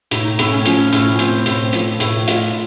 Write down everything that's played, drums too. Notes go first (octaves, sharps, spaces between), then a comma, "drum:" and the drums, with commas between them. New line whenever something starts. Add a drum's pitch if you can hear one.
A2 D#4, drum: hi-hat
D#4
A2 C4, drum: hi-hat
C#4
F3 C#4, drum: hi-hat
A2, drum: hi-hat
C4, drum: hi-hat
A2, drum: hi-hat
F3, drum: hi-hat
A2, drum: hi-hat
F4, drum: hi-hat